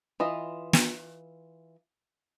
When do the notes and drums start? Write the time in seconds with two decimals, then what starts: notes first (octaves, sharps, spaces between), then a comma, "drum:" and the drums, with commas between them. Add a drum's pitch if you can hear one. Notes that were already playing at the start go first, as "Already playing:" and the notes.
0.20 E3 F4 D#5
0.73 drum: snare